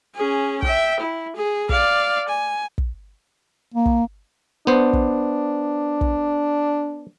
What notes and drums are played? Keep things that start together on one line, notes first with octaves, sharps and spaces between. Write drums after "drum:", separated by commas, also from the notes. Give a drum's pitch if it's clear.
C#4 G#4
E5 G5, drum: kick
E4
G#4
D5 F5, drum: kick
G#5
drum: kick
A#3
drum: kick
B3 D4 C5
drum: kick
drum: kick